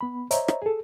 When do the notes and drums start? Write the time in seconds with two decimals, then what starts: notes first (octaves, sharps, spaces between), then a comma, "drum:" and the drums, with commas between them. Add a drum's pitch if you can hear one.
0.01 B3 B5
0.31 C5 C#5 D#5 E5 A#5, drum: hi-hat
0.48 drum: rim click
0.62 G#4 A4